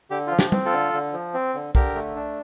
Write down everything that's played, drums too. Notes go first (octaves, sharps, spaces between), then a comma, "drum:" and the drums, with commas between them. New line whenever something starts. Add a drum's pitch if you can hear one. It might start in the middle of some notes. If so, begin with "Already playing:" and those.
D3 G4
F3 F4
G4, drum: snare
C4, drum: tom G3
F4 A4
D3
D3
F3
C4
D3
D3 G4 A#4, drum: kick
A3
D4